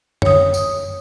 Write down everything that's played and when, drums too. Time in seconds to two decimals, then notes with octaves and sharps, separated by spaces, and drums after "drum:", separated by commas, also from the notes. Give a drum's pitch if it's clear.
0.22 C#5 D#6, drum: tom F#2
0.54 drum: tambourine